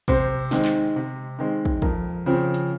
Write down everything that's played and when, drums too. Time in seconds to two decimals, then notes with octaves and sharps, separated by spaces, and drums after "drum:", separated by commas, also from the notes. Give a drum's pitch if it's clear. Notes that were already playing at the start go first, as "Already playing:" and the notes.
0.08 C3 C5, drum: kick
0.51 D#3 G#3 C4, drum: snare
0.65 drum: clap
0.96 C3
1.39 D#3 G#3 C4
1.65 drum: kick
1.82 F2 A#4, drum: kick
2.26 C#3 F3 C4
2.54 drum: hi-hat